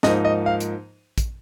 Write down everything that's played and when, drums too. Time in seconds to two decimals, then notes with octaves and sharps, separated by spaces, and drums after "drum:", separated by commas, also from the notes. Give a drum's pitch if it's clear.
0.03 G#2 F3 A#3 D#4 D#5, drum: snare
0.25 D#5
0.46 F5
0.60 drum: hi-hat
1.18 drum: kick, hi-hat